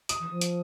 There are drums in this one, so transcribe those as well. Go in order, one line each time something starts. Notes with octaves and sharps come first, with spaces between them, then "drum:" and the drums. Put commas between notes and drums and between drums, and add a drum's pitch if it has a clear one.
D#6, drum: hi-hat
E3
F3
drum: hi-hat